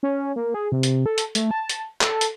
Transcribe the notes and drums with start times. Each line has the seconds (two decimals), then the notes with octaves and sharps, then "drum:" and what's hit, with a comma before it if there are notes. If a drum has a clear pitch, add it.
0.03 C#4
0.36 A#3
0.54 G#4
0.72 C3
0.83 drum: hi-hat
1.06 A4
1.18 drum: hi-hat
1.35 A3, drum: hi-hat
1.51 A5
1.69 drum: hi-hat
2.01 A4, drum: clap
2.21 drum: hi-hat